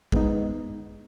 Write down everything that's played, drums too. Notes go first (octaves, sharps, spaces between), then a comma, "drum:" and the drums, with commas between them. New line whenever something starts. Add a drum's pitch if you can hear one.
G#3 B3 D#4, drum: kick